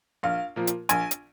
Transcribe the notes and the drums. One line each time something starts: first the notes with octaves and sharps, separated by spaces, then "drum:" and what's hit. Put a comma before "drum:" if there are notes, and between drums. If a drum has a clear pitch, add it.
A#1 F5
A#2 F3 A#3
drum: hi-hat
A#1 G#5, drum: hi-hat
drum: hi-hat